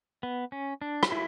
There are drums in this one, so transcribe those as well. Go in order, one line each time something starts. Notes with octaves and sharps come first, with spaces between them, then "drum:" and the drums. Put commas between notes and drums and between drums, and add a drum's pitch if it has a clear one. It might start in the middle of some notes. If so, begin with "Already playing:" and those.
B3
C#4
D4
drum: rim click
E4